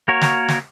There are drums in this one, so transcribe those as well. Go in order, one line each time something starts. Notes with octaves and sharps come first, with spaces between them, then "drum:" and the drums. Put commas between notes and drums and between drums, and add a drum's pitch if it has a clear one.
A#3 F#4 A#4 C#5
drum: snare
drum: snare